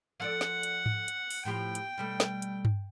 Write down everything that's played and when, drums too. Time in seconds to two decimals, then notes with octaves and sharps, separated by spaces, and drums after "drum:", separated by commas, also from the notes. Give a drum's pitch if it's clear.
0.20 F3 A4 D5 F#5
0.41 drum: snare
0.63 drum: hi-hat
0.86 drum: tom G#2
1.08 drum: hi-hat
1.30 drum: open hi-hat
1.45 A2 F3 G4 G5
1.75 drum: hi-hat
1.98 B2 G3 A3
2.20 drum: snare
2.42 drum: hi-hat
2.65 drum: tom G2